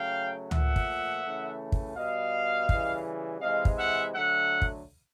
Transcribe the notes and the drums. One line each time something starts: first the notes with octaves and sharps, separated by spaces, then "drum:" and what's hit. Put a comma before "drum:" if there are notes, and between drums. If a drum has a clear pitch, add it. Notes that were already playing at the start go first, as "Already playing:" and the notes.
Already playing: C#3 F#3 A3 F5 G5
A#2 F3 A3 E5 F#5, drum: tom C#2
drum: kick
C#3 E3 A3
drum: kick
B2 G3 D#5 F5
C#3 E3 G3, drum: kick
C3 E3 G#3 D#5 F5
drum: kick
E5 F#5
D3 F#3 A3 E5 F#5
drum: kick